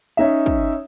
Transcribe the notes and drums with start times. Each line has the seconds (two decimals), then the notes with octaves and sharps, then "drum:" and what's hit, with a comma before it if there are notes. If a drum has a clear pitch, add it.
0.17 C#4 D#4 E5
0.46 drum: kick